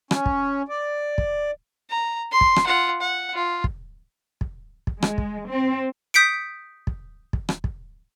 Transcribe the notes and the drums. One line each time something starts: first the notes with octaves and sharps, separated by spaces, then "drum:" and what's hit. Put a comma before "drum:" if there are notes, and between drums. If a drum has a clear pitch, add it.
C#4, drum: rim click
drum: kick
D5
drum: kick
A#5
C6
drum: kick
drum: rim click
F4 F#5
F#5
F4
drum: kick
drum: kick
drum: kick
G#3, drum: rim click
drum: kick
C4
D#6 G6 B6 C#7 D7
drum: kick
drum: kick
drum: rim click
drum: kick